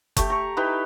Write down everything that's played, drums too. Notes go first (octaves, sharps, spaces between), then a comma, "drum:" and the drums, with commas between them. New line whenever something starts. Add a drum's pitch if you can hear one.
A3 G4, drum: kick F#1, hi-hat
A#5 C#6
D#4 E4 G4 B4